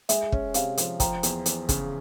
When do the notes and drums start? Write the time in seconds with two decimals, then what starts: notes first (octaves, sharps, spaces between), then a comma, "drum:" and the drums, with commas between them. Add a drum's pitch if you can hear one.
0.09 G#3 E5, drum: hi-hat
0.32 C#4, drum: kick
0.54 C3 F5, drum: hi-hat
0.77 F3, drum: hi-hat
1.00 F3 G5 A#5, drum: kick, hi-hat
1.23 E2, drum: hi-hat
1.46 E2, drum: hi-hat
1.69 C#3, drum: kick, hi-hat